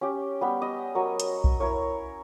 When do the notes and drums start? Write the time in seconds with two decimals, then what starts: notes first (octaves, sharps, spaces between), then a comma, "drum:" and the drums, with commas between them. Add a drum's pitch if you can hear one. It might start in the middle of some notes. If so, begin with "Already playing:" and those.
0.01 C#4 G4
0.41 G3 B3
0.62 D#5
0.95 F#3 A#4 C#5
1.20 drum: hi-hat
1.44 drum: kick B1
1.60 E4 A#4 C#5